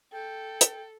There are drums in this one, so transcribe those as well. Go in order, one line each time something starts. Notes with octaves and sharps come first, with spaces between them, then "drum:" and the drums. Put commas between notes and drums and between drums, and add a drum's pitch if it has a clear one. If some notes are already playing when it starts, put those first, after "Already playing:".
A4 G5
drum: hi-hat